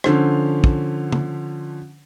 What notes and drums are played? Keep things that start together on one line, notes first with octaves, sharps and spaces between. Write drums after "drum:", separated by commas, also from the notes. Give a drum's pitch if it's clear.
D3 F3 C#4 A4 C5, drum: rim click
drum: kick
drum: tom